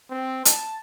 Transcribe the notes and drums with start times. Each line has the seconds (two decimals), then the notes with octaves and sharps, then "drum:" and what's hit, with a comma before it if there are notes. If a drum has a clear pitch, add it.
0.10 C4
0.45 A5, drum: hi-hat